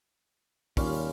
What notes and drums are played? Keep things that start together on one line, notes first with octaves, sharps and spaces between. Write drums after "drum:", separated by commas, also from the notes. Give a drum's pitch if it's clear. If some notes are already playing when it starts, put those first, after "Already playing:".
D#2 G3 C#4 F4, drum: kick, open hi-hat